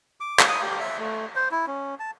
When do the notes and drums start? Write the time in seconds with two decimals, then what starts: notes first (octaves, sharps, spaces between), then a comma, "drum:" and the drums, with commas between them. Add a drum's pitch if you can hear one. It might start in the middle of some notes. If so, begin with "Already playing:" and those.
0.20 D6
0.39 drum: clap
0.48 D#6
0.61 G4
0.80 E5
0.99 A3
1.36 C5
1.51 E4
1.67 C#4
2.00 A5